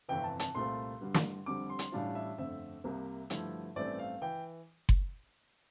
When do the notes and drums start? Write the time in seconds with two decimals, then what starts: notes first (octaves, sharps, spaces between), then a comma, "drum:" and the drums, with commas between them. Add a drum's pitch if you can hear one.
0.09 G1 F2 C3 E3 G5
0.24 A5
0.39 A5, drum: hi-hat
0.55 C2 A#2 A3 C4 F4 C6
1.01 G2 D3 G3
1.14 drum: snare
1.46 F1 F2 D3 G3 D6
1.70 C6
1.79 drum: hi-hat
1.92 A1 A2 G3 D4 F4 F5
2.15 E5
2.38 G1 F2 D3 A3 C4 E5
2.84 C2 C3 G3 A#3
3.30 G2 D3 F3 A3 E4, drum: hi-hat
3.76 A1 G2 E3 A3 C4 D5
3.99 F5
4.22 E3 G5
4.89 drum: kick F#1